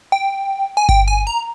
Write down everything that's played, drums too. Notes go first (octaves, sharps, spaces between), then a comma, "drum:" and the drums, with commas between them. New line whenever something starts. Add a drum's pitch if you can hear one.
G5
G#5
G5, drum: kick G1
G#5
A#5